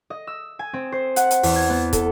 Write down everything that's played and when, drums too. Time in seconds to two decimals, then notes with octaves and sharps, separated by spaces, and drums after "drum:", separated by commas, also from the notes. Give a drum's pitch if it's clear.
0.10 D#5
0.27 E6
0.59 G#5
0.73 C4
0.92 C5
1.16 F#5, drum: hi-hat
1.31 drum: hi-hat
1.43 E2, drum: open hi-hat
1.56 G#6
1.70 B3
1.93 A4, drum: kick, hi-hat